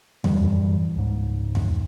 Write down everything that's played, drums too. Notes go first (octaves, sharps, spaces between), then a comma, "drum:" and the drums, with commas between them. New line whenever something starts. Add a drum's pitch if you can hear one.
F#2 A2 E3 G3, drum: tom E2
C#2 G#2
drum: tom E2